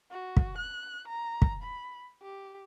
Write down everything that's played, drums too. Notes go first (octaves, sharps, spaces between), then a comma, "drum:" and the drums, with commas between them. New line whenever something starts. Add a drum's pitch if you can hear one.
F#4
drum: kick
F#6
A#5
drum: kick
B5
G4